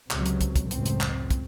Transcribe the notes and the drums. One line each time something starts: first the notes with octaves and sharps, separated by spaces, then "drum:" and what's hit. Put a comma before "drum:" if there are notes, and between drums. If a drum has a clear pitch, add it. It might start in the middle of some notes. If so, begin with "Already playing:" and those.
C#2 C3 F#3, drum: clap
drum: hi-hat
drum: kick, hi-hat
drum: kick, hi-hat
F#1 C#2 A2 C4, drum: hi-hat
drum: hi-hat
drum: clap
drum: kick, hi-hat